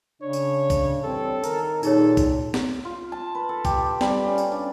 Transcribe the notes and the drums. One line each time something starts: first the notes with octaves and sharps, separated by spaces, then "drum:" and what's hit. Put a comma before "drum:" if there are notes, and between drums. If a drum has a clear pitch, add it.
C#3 D4 C#5
drum: tambourine
drum: kick, tambourine
E3 G3 C4 A4 C#5
D#3 A#4, drum: tambourine
A#2 D#4 G#4 A4 C#5, drum: tambourine
drum: kick, tambourine
drum: snare
F4
A5
B4
A4
G4, drum: kick, tambourine
G3, drum: snare
C#4
drum: tambourine
D4